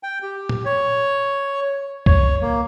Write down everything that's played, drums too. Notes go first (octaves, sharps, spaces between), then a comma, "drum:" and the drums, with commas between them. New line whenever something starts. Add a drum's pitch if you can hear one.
G5
G4
drum: tom A#2
C#5
C#5, drum: kick
A#3